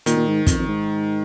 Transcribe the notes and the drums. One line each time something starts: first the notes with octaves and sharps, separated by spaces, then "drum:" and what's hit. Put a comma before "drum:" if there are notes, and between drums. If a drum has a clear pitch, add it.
A#2 D#3, drum: hi-hat
A#2
G#2
F2, drum: kick, hi-hat
F2
G#2